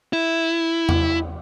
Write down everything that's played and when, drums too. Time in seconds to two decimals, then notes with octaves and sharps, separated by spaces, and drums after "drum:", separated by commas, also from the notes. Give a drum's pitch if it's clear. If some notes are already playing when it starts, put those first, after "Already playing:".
0.13 E4
0.89 drum: tom E2